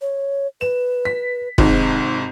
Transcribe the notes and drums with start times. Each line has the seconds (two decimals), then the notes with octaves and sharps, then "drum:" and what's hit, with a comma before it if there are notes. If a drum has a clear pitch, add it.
0.01 C#5
0.61 B4 E7
1.05 B6
1.58 G#1 G#2 C3 D#4, drum: kick